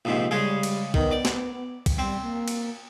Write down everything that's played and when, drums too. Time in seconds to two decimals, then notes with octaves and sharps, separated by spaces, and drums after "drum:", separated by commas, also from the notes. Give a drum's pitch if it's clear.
0.05 A#1 G#2 C3
0.31 C#3 G3 G#3 G#4
0.63 drum: cymbal
0.94 D#3 B3, drum: kick
1.11 D5
1.25 drum: snare
1.86 drum: kick, cymbal
1.98 G3 C4
2.22 A#3
2.48 drum: cymbal